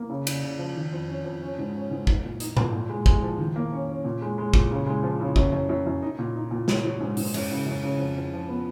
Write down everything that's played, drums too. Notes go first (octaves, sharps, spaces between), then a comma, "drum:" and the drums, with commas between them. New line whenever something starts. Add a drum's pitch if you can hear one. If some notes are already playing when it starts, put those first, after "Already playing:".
Already playing: A#3
C#3
C#3, drum: cymbal
C#3
F3
D#3
F2
C#4
F2
C#4
G#2
C#4
G#2
D#4, drum: kick
A#2
D#4, drum: hi-hat
A#2, drum: tom G#2
A#2
G#3
G#3, drum: kick
F3
D#3
A#3
C#4
C#4
A#2
G#3
G#3
A#2, drum: kick
C#3
G#3
F3
C#3
F#2, drum: kick
F#2
F#2
F#2
D#4
A#2
D#4
A#2
F#3, drum: snare
F#3
G#2
G#2, drum: open hi-hat
F#2, drum: cymbal
C#3
F#2
C#3
F2
F2
F3
B3